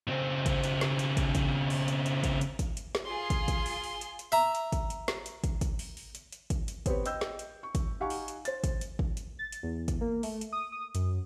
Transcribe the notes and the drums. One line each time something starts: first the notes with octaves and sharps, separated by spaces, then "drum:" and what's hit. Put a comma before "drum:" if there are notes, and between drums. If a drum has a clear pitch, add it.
C#3 C4
drum: kick, hi-hat
drum: hi-hat
drum: snare
drum: hi-hat
drum: kick, hi-hat
drum: kick, hi-hat
drum: open hi-hat
drum: hi-hat
drum: hi-hat
drum: kick, hi-hat
drum: hi-hat
drum: kick, hi-hat
drum: hi-hat
drum: snare
F4 G#4 C6
drum: kick, hi-hat
drum: kick, hi-hat
drum: open hi-hat
drum: open hi-hat
drum: hi-hat
drum: hi-hat
E5 A#5
drum: hi-hat
drum: kick, hi-hat
drum: hi-hat
drum: snare
drum: hi-hat
drum: kick, hi-hat
drum: kick, hi-hat
drum: open hi-hat
drum: open hi-hat
drum: hi-hat
drum: hi-hat
drum: kick, hi-hat
drum: hi-hat
B3 C4 G4 B4 C#5, drum: kick, hi-hat
D#5 G5 E6 G6, drum: hi-hat
drum: snare
drum: hi-hat
C#6
drum: kick, hi-hat
D#4 G4 F5 F#5 G#5 C#6
drum: open hi-hat
drum: hi-hat
C5 A6, drum: hi-hat
drum: kick, hi-hat
drum: hi-hat
drum: kick
drum: hi-hat
A6
drum: hi-hat
E2
drum: kick, hi-hat
A#3
A3, drum: open hi-hat
drum: hi-hat
D#6
D#6
F#2, drum: hi-hat